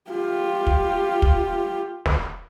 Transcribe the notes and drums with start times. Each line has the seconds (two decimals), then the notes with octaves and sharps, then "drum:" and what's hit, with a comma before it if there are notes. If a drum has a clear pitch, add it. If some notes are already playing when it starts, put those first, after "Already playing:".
0.11 F4 G4
0.67 drum: kick
1.22 drum: kick
2.06 drum: snare